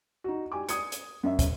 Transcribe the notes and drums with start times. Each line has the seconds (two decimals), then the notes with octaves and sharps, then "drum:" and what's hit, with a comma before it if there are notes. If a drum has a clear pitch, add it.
0.24 D#4 F#4
0.52 G4 G#5 D6
0.69 D#6 G#6 C#7, drum: hi-hat
0.92 drum: hi-hat
1.23 F#2 E5
1.39 drum: kick, hi-hat